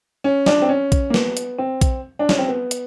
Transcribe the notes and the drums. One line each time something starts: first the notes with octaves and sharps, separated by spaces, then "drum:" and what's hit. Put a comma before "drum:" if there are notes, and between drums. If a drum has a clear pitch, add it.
C#4
D4, drum: snare
C4
C#4
drum: kick B1, hi-hat
A#3
B3, drum: snare
drum: hi-hat
C4
drum: kick B1, hi-hat
D4
C#4, drum: snare
C4
B3
drum: hi-hat